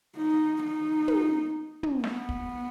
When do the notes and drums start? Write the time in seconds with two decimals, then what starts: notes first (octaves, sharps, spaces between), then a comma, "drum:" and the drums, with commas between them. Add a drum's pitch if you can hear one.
0.17 D#4
0.63 D#4
1.08 drum: tom
1.83 drum: tom
2.04 B3, drum: snare
2.29 drum: kick